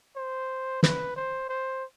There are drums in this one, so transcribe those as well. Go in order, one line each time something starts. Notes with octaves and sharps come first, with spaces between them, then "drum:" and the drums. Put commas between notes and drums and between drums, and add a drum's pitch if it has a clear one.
C5
B4, drum: snare
C5
C5